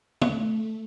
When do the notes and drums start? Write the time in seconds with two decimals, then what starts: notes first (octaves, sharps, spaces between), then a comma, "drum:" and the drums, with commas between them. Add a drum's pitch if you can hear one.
0.22 A3, drum: tom